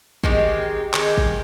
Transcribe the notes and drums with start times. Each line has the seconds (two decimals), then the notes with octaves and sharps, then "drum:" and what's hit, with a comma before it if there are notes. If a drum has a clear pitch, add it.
0.24 D#3 G#3 C4 G4, drum: kick
0.94 D#3 G#3 C4 G4, drum: clap
1.18 drum: kick